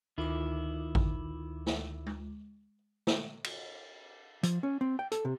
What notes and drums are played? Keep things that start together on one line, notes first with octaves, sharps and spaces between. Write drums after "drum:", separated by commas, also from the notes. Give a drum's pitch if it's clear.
D2 D#3 E4 F4 D6
drum: kick A1
drum: snare
drum: tom G#3
drum: snare
drum: cymbal
F3, drum: hi-hat
C#4
C4
G5
A4, drum: hi-hat
C3